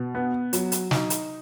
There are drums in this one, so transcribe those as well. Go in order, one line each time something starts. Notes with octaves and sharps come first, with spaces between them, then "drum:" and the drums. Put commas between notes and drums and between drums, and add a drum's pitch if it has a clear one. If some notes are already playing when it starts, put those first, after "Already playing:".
Already playing: B2
B3
F#3, drum: hi-hat
drum: hi-hat
D#4, drum: snare
drum: hi-hat